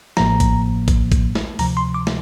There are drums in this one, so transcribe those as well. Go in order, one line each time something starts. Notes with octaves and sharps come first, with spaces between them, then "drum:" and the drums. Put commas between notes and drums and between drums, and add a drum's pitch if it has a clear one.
A1 A2 F3 A#3 A#5, drum: snare
drum: kick A1, hi-hat
drum: kick A1, hi-hat
drum: kick A1, hi-hat
drum: snare
D2 C3 F3 A#5, drum: open hi-hat
C6
D6
drum: snare